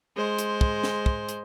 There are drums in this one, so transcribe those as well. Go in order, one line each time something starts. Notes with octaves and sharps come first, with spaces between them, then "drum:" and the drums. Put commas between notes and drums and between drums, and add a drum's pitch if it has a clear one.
G#3 C5
drum: hi-hat
drum: kick
drum: snare
drum: kick
drum: hi-hat